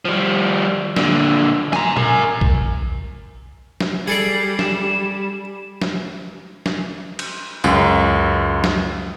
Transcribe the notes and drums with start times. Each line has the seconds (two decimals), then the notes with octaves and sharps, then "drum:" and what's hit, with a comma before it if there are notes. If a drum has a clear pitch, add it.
0.05 F3 G3
0.96 A#2 D3, drum: snare
1.73 G#5 A#5, drum: snare
1.97 A#4 G#5, drum: tom A#2
2.41 drum: kick
3.81 drum: snare
4.08 G3 G#4 A4 D5 C7
4.59 E7, drum: snare
5.82 drum: snare
6.66 drum: snare
7.19 drum: cymbal
7.64 C#2 F#2, drum: tambourine
8.64 drum: snare